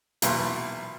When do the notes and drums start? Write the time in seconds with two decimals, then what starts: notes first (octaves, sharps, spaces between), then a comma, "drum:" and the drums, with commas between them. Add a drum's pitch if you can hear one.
0.22 B1 E2 A#2, drum: hi-hat